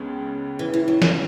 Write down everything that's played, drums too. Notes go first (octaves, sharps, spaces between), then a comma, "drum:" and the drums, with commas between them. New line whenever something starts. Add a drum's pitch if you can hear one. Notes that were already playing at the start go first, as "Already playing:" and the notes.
Already playing: C#2 C#3 G#3 B3
E3
E3
F#3
F#3, drum: snare